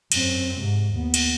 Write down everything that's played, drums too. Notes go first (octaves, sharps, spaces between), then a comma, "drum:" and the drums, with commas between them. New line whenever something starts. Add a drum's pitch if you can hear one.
F#2 C4, drum: cymbal
G#2 C3
D#2 B3
drum: cymbal